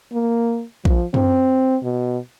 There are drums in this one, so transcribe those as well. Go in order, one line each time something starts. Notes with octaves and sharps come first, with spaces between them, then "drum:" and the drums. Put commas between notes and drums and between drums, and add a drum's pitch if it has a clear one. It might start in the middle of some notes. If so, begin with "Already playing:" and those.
A#3
F3, drum: kick A#1
C4, drum: tom F#2
B2